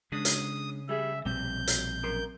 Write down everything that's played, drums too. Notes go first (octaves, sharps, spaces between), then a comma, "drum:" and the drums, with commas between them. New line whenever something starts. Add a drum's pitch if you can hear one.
C#3 G#3 D4 D#6
drum: hi-hat
G3 G#4 E5
A#1 B2 G3 C4 G6
drum: hi-hat
F#2 A#4 C6